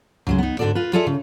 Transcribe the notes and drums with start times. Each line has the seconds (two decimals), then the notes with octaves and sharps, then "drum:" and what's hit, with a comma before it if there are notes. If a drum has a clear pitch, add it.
0.27 C#3 F#3 G#3, drum: tom C#2
0.38 B3 D#4
0.59 G#2 D3 D#3 F#4 A4 D5
0.75 F4 B4
0.93 F4 G#4 A4 D5 E5
1.06 C#3